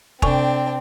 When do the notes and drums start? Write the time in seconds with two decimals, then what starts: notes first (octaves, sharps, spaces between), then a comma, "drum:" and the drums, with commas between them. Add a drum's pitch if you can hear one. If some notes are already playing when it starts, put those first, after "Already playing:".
0.22 C3 C4 D4 G5 G#5, drum: kick